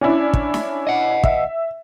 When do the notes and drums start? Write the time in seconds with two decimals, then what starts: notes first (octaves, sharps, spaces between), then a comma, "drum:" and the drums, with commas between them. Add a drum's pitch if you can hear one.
0.01 C#4 D4 E4
0.34 drum: kick
0.54 drum: snare
0.87 D#5 F#5
1.24 E5, drum: kick